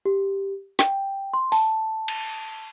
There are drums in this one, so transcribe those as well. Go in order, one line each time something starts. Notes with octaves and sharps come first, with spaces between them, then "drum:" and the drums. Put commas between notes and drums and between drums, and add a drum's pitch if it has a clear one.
G4
G5, drum: snare
C6
A5, drum: open hi-hat
drum: cymbal